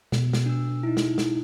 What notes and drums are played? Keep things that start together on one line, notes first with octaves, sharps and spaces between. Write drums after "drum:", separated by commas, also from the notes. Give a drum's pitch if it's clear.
B2, drum: snare
drum: snare
D4 E6
D#4 E4
drum: snare
drum: snare